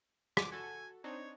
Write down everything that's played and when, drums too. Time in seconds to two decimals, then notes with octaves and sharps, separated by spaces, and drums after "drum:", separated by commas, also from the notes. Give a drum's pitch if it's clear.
0.37 D6, drum: rim click
0.52 F#4 A4 G#5
1.04 C4 D4 D#4 C#5